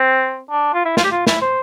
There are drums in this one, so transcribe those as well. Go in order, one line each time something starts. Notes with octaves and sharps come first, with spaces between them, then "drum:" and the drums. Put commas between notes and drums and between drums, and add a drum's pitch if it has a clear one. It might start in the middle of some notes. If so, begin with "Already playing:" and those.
Already playing: C4
D4
F4
E4
F4, drum: snare
G4
F4
E4, drum: snare
C5